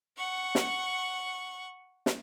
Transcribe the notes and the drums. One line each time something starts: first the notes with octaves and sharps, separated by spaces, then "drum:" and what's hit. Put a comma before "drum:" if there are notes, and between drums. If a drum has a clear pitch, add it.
F#5 C#6
drum: snare
drum: snare